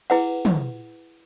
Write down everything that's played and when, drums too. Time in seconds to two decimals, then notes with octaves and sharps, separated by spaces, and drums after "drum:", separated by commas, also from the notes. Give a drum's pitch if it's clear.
0.10 E4 G#4 B4 F#5, drum: cymbal
0.45 drum: tom